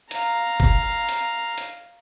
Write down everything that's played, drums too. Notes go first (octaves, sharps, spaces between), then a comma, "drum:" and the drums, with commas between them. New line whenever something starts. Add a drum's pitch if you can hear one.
F5 A#5, drum: hi-hat
drum: kick
drum: hi-hat
drum: hi-hat